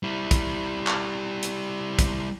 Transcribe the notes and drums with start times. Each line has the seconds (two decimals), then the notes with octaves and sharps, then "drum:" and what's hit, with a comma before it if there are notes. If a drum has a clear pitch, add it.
0.03 G3 E4
0.31 drum: kick, hi-hat
0.87 drum: clap
1.43 drum: hi-hat
1.99 drum: kick, hi-hat